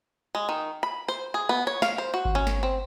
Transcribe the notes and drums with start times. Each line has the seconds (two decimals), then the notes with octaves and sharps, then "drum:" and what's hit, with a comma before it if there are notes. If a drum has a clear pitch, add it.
0.35 G#3
0.49 D#3
0.83 B5
1.08 C5
1.34 G#4
1.49 B3
1.67 C#5
1.82 F5, drum: snare
1.98 C5
2.14 F#4
2.25 drum: kick G#1
2.35 C#4
2.47 drum: snare
2.63 C4